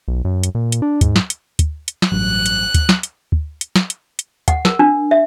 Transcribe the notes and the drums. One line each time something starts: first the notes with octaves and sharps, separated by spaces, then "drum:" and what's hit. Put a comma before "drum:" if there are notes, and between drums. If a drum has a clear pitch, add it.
B1
F#2
drum: hi-hat
A#2
drum: hi-hat
D4
G#2, drum: kick, hi-hat
drum: snare
drum: hi-hat
drum: kick, hi-hat
drum: hi-hat
drum: snare
A1 G2 F#3 F#6
drum: hi-hat
drum: kick, hi-hat
drum: snare
drum: hi-hat
drum: kick
drum: hi-hat
drum: snare
drum: hi-hat
drum: hi-hat
F#5, drum: kick, hi-hat
A#4, drum: snare
D4
E5